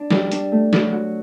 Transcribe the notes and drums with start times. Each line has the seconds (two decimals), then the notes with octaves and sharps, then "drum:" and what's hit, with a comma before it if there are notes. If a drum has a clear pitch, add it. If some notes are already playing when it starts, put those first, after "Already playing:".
Already playing: D4
0.11 G3, drum: snare
0.31 D4, drum: hi-hat
0.52 A3
0.73 F#3, drum: snare
0.92 F#4